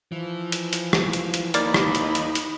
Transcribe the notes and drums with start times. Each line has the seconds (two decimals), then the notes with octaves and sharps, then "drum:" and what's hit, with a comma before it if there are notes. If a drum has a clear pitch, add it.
0.12 E3 F3
0.52 drum: hi-hat
0.73 drum: hi-hat
0.93 drum: rim click
1.13 drum: hi-hat
1.34 drum: hi-hat
1.54 D#2 A#3 D#4 D5 B5, drum: hi-hat
1.74 drum: rim click
1.95 drum: hi-hat
2.15 drum: hi-hat
2.35 drum: hi-hat